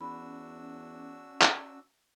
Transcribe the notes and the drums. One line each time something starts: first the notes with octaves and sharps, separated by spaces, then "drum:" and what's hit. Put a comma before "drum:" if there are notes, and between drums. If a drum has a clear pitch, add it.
E2 C#4 D4 F#4 B5 E6
drum: clap